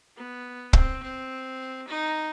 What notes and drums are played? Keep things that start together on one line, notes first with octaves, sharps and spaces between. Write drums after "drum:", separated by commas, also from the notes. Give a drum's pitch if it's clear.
B3
C4, drum: kick
C4
D#4